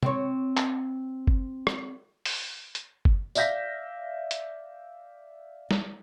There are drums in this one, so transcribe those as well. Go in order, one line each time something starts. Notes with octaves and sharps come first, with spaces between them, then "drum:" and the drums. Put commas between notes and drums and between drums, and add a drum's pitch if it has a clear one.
C4 C#5, drum: tom C3
drum: clap
drum: kick G1
drum: rim click
drum: open hi-hat
drum: hi-hat
drum: kick G1
D5 E5 F5 G6 A#6 B6, drum: tambourine
drum: hi-hat
drum: snare